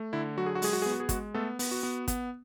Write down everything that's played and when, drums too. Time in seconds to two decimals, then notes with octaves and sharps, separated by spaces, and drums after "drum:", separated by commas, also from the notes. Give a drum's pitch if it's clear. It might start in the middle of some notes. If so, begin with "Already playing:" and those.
Already playing: A3
0.13 D3 E4
0.37 F#3 F#4
0.46 G#4
0.55 F#4
0.62 G#3 G#4, drum: open hi-hat
0.73 F#4
0.82 G#4
0.86 B3
0.92 F#4
1.00 G#4
1.09 G#3 F#4, drum: kick, hi-hat
1.34 A3 B3 A4
1.59 B3, drum: open hi-hat
1.71 F#4
1.83 B3
2.08 B3, drum: kick, hi-hat